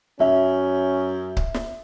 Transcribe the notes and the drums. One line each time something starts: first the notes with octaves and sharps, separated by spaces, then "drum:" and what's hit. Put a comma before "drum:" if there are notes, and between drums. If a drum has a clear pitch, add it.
F#2 C#4 E5
drum: kick C#1
drum: snare